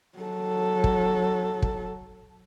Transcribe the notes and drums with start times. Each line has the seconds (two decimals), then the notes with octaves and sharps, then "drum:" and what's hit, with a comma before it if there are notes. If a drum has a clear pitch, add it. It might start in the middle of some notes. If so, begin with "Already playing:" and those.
0.18 F#3 A4
0.84 drum: kick
1.62 drum: kick